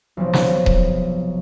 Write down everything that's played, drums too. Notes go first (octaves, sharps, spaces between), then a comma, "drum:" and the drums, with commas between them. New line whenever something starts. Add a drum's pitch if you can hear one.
B1 C3 F3
drum: snare
drum: kick D#1